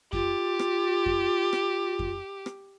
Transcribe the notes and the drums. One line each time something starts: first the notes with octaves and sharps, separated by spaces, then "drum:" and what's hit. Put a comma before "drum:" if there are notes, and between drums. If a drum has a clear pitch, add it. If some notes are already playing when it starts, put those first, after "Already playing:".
F4 G4, drum: kick F2
drum: rim click
drum: kick F2
drum: rim click
drum: kick F2
drum: rim click